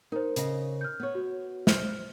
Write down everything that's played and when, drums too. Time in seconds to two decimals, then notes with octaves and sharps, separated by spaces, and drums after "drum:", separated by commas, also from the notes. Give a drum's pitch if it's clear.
0.12 D#4 A#4 C5
0.36 C#3 D#5, drum: hi-hat
0.81 F6 G6
1.00 B3 C#5
1.15 F#4
1.67 C5 F6, drum: snare